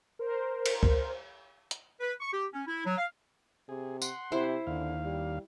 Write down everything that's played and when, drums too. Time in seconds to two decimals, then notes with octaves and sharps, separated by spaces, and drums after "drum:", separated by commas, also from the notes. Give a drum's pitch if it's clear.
0.19 A#4 C5
0.66 drum: cymbal
0.83 drum: kick
1.71 drum: hi-hat
2.00 B4
2.20 C#6
2.33 G4
2.53 C#4
2.67 E4
2.86 F#3
2.98 F5
3.69 C3 G#4
4.02 F#5 C6, drum: tambourine
4.32 C3 E4 C5
4.67 D#2 D3 F5
5.02 G3